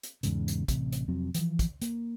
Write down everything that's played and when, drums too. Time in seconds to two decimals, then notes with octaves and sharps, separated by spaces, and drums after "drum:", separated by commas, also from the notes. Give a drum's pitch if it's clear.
0.03 drum: hi-hat
0.23 E2 G#2 C#3, drum: hi-hat
0.48 drum: hi-hat
0.68 A1 C3, drum: kick, hi-hat
0.92 drum: hi-hat
1.08 F1 F2 F#3 C4
1.34 E3 F3, drum: hi-hat
1.59 drum: kick, hi-hat
1.81 A#3, drum: hi-hat